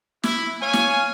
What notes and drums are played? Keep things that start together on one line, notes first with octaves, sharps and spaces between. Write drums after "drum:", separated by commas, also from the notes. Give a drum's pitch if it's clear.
E4, drum: snare
C#5 F5 G#5
drum: snare